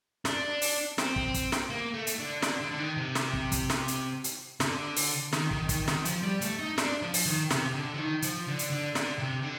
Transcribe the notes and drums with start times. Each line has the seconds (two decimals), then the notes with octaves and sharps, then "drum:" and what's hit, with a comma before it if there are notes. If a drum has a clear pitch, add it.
0.25 D4, drum: snare
0.62 drum: open hi-hat
0.98 C4, drum: snare
1.16 drum: kick
1.34 drum: kick, hi-hat
1.52 drum: snare
1.70 A#3
1.94 A3
2.07 drum: hi-hat
2.19 D3
2.42 D3, drum: snare
2.61 D3
2.71 D3
2.79 D#3
2.97 C3
3.15 drum: snare
3.33 drum: kick
3.52 drum: kick, hi-hat
3.70 drum: snare
3.88 drum: hi-hat
4.24 drum: hi-hat
4.60 D3, drum: snare
4.97 drum: open hi-hat
5.33 D#3, drum: snare
5.51 D#3, drum: kick
5.69 D#3, drum: kick, hi-hat
5.88 D#3, drum: snare
6.05 F3, drum: hi-hat
6.23 G3
6.41 A3, drum: hi-hat
6.60 D#4
6.78 D4, drum: snare
7.02 F3
7.14 drum: open hi-hat
7.26 D#3
7.51 C3, drum: snare
7.74 D3
7.94 F3
7.98 D#3
8.22 F3, drum: hi-hat
8.47 D3
8.59 drum: hi-hat
8.71 D3
8.95 D3, drum: snare
9.19 C3
9.43 D3